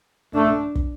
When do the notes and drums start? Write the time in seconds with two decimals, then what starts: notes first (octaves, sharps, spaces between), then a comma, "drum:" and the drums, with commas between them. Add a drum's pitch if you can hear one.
0.34 A3 D4
0.75 drum: kick